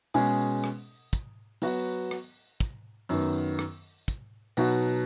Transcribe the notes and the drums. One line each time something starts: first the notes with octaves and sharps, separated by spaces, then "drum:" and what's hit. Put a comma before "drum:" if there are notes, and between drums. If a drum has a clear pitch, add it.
B2 G#3 C#4 G#4, drum: open hi-hat
drum: rim click
drum: kick, hi-hat
F#3 B3 F#4, drum: open hi-hat
drum: rim click
drum: kick, hi-hat
F#2 D#3 B3, drum: open hi-hat
drum: rim click
drum: kick, hi-hat
B2 F#3 D#4 F#4, drum: open hi-hat